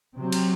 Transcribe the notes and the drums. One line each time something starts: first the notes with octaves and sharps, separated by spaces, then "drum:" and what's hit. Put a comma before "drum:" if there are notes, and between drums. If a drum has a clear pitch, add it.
C3 F#3 C4
drum: cymbal